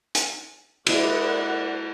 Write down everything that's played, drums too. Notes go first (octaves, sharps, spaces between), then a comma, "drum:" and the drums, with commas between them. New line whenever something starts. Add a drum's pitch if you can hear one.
drum: hi-hat
G#3 E4 A#4 D5 F#5, drum: cymbal